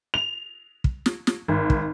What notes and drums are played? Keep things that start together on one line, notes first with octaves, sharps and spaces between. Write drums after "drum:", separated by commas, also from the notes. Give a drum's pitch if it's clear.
F7
drum: kick
drum: snare
drum: snare
G#1
drum: kick